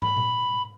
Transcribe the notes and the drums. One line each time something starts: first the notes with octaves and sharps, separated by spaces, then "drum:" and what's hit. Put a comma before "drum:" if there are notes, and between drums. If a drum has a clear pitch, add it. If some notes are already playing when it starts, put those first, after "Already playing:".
B5, drum: tom
drum: tom A#2